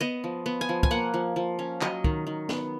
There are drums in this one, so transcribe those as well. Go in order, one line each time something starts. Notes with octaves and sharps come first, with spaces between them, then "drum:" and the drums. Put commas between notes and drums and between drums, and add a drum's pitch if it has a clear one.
B3 D#5
F3
B3
G#5
F3
G#5, drum: kick
A#3 F#5
F3
F3
C#4
F#3 D#5, drum: clap
D#3, drum: kick
D#3
B3, drum: snare